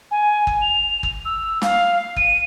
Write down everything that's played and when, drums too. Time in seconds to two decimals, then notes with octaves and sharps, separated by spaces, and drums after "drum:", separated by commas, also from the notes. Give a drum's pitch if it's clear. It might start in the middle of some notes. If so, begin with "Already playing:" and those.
0.11 G#5
0.47 drum: kick
0.61 F7
1.03 drum: kick
1.25 E6
1.62 F5, drum: snare
2.16 D#7, drum: kick